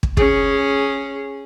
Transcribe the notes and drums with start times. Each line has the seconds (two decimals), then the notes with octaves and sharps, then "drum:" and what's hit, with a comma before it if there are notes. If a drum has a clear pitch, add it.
0.03 drum: kick
0.17 C#4 G#4, drum: kick